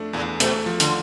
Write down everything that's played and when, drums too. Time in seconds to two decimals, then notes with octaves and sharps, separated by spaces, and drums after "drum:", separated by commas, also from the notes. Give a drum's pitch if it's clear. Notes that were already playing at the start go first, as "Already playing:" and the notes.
Already playing: F2 A3 D4
0.13 E2 A2
0.40 B2 A3, drum: hi-hat
0.66 F3
0.80 D3, drum: hi-hat